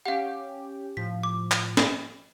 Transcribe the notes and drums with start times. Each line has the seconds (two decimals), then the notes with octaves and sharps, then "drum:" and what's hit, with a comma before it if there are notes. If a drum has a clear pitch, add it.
0.06 C#4 G4 F5 F#5
0.97 A2 F3 B6
1.23 D6
1.52 drum: clap
1.77 drum: snare